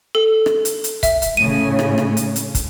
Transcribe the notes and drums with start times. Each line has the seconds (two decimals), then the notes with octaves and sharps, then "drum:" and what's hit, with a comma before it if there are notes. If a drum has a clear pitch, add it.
0.15 A4
0.46 drum: rim click
0.65 drum: hi-hat
0.84 drum: hi-hat
1.03 E5, drum: kick, hi-hat
1.22 drum: hi-hat
1.37 A2 C#3 D#7
1.79 drum: rim click
1.98 drum: rim click
2.17 drum: hi-hat
2.36 drum: hi-hat
2.55 drum: kick, hi-hat